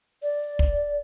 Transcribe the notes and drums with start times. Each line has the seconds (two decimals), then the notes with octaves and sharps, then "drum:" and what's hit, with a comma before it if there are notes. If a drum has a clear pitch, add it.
0.22 D5
0.59 drum: kick